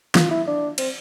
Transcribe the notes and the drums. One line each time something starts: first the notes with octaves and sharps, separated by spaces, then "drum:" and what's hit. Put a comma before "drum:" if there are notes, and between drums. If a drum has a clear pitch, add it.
F4, drum: snare
E4
D4
C4, drum: cymbal